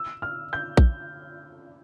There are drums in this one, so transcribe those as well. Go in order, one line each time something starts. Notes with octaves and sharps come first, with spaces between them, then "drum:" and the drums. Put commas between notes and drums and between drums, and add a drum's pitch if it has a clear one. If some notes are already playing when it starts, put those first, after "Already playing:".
Already playing: E6
F6
G6
drum: kick A#1